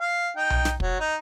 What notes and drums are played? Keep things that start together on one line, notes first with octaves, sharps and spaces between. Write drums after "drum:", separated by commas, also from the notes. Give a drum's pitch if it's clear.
F5
D#4 G5
drum: tom B1
drum: snare
F#3, drum: kick
D#4